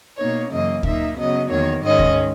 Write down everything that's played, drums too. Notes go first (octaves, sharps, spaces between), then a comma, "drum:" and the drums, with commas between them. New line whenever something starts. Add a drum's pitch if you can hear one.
B2 A#3 D#4 C#5
F#2 C#3 E3 A#3 D#5
A#2 A#3 D#4 E5, drum: kick D2
C#3 F#3 B3 D#5
E2 D#3 A#3 C#5
G#2 D#3 G#3 C#4 D#5
drum: kick D2